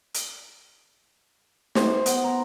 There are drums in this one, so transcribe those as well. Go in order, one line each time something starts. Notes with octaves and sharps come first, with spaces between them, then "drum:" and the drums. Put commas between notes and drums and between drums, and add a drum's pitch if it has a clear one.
drum: hi-hat
C5, drum: snare
B3, drum: hi-hat
A#5